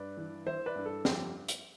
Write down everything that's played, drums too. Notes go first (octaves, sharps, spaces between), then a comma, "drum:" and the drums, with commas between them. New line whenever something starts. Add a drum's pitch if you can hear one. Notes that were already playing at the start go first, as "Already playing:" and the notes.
Already playing: G2 B4 D5
E3
E3 C5 E5
B4 D5
G2
A4
F2 G4, drum: snare
drum: hi-hat